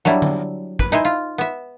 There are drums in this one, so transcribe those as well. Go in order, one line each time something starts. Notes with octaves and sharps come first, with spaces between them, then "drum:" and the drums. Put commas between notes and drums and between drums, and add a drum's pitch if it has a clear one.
F#3 G3 D4 E4
drum: tom D3
B4, drum: kick
D#4 E4 C5 G#5
F4
B3 E5